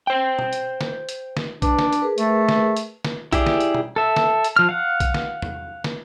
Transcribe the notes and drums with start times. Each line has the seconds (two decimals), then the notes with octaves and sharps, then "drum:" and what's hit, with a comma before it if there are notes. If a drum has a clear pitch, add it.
0.07 C5 G5
0.39 drum: tom
0.53 drum: hi-hat
0.81 drum: snare
1.09 drum: hi-hat
1.37 drum: snare
1.62 D4 B4, drum: kick B1, hi-hat
1.79 drum: snare
1.93 drum: hi-hat
2.02 G#4 A#4 B4
2.18 A3, drum: hi-hat
2.49 drum: snare
2.77 drum: hi-hat
3.05 drum: snare
3.33 E4 G4 G#4 D5, drum: kick B1, hi-hat
3.47 drum: snare
3.60 drum: hi-hat
3.74 drum: tom
3.96 A4 E5
4.16 drum: snare
4.44 drum: hi-hat
4.56 F3 F6
4.69 F5 F#5
5.00 drum: kick B1, hi-hat
5.14 drum: snare
5.42 drum: tom E2
5.84 drum: snare